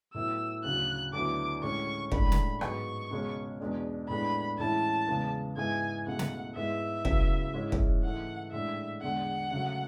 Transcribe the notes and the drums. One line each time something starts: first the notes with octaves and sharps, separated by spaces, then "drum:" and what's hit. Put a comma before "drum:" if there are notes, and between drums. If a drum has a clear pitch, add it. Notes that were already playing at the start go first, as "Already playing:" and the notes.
A2 F#3 B3 E4 E6
D2 C#3 F#3 F#6
D2 D3 F#3 B3 E4 D6
A2 G#3 C#4 C#6
A2 G#3 D4 B5, drum: kick
drum: snare
G#2 F#3 B3 C#6, drum: rim click
C#2 B2 G#3 C#4
E2 B2 G#3 B3 D4
A2 G#3 B3 D4 B5
A2 E3 G#3 C#4 E4 A5
E2 C#3 G#3 B3
G#2 G#3 B3 E4 G#5
C#2 B2 A3 F#5
drum: snare
G#2 G#3 B3 E4 E5
C#2 C#3 F#3 B3 E4, drum: kick
G#2 G#3 C#4 E4
drum: kick
G#2 E3 A3 F#5
A2 G#3 D4 E5
E2 D3 G#3 F#5
C#3 F#3 A3